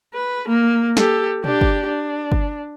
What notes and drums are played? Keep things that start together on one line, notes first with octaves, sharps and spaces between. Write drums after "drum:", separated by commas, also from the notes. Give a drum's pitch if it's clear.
B4
A#3
G4 A4, drum: snare
D4 G4, drum: tom A#2
drum: kick G1
D4
drum: kick G1